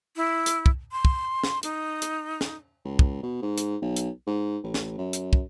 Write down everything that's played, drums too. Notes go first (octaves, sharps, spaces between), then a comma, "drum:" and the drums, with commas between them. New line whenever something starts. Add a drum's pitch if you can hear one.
E4
drum: hi-hat
drum: kick
C6
drum: kick
drum: snare
D#4, drum: hi-hat
drum: hi-hat
drum: snare
C#2
drum: kick
B2
G#2
drum: hi-hat
B1
drum: hi-hat
G#2
A1
drum: snare
F#2
drum: hi-hat
drum: kick